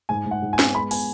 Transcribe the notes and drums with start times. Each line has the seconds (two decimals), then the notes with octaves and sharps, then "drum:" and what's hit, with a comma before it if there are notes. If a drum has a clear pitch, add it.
0.09 G#2 G#5
0.26 G#2
0.31 F#5
0.42 G#2
0.53 G#5
0.59 B3, drum: snare
0.75 G#3 B5
0.91 B3 G#5, drum: open hi-hat